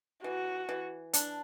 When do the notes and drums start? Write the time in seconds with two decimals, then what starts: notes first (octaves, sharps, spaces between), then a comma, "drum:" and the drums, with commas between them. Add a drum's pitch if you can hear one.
0.24 E3 F#4
0.69 E3
1.13 D4, drum: hi-hat